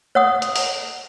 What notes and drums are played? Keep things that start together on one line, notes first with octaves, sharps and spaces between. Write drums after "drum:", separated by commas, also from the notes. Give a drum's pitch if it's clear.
C#5 F#5 D#6
drum: hi-hat
drum: open hi-hat